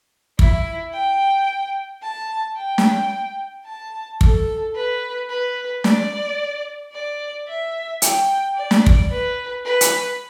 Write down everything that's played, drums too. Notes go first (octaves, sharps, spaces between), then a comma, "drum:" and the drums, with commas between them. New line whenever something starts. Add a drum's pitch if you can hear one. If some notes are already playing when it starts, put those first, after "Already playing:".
E4, drum: kick
G5
A5
G5
drum: snare
A5
A4, drum: kick
B4
B4
D5, drum: snare
D5
E5
G5, drum: hi-hat
D5
drum: snare
drum: kick
B4
B4
drum: hi-hat